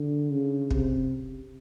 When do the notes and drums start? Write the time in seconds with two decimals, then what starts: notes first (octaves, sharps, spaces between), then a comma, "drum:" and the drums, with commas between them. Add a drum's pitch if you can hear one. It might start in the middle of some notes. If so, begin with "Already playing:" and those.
Already playing: D3
0.30 C#3
0.71 C3, drum: kick